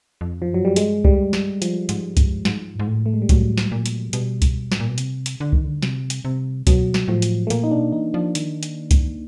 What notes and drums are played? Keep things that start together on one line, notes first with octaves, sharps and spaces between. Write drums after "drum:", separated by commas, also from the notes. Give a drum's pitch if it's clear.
F2
F3
F#2
G2 F#3
F#2 G3
G2 G#3, drum: hi-hat
G3, drum: kick C2
drum: snare
F3, drum: hi-hat
G#2, drum: hi-hat
G2, drum: kick C2, hi-hat
G#2, drum: snare
G#2
A2
A3
G#3
G3
A2 F#3, drum: kick C2, hi-hat
drum: snare
A#2
drum: hi-hat
B2 G3, drum: hi-hat
drum: kick C2, hi-hat
A2, drum: snare
A#2
B2
C3, drum: hi-hat
drum: hi-hat
D3
D#3, drum: kick C2
D3
C3, drum: snare
drum: hi-hat
C3
B2 F#3, drum: kick C2, hi-hat
drum: snare
A2 F3
drum: hi-hat
A3
A#2 A#3, drum: hi-hat
D#4
B2 D4
E3 D#4
F3 D4
D#3, drum: hi-hat
drum: hi-hat
drum: kick C2, hi-hat